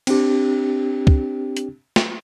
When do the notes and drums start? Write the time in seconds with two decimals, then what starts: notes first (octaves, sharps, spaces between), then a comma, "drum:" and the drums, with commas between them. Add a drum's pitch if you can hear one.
0.07 C4 D4 G4, drum: cymbal
1.07 drum: kick
1.57 drum: hi-hat
1.96 drum: snare